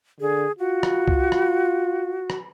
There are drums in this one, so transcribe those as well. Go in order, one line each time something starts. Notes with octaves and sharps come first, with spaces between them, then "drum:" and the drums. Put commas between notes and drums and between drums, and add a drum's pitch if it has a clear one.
D3 G#4
F4 F#4
drum: rim click
drum: kick C2
drum: rim click
drum: rim click